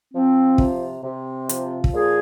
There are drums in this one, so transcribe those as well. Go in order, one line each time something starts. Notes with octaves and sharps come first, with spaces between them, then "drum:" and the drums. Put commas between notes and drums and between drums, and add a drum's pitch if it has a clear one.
F3 C4
C3, drum: kick
C3
F3, drum: hi-hat
drum: kick
A#2 G#4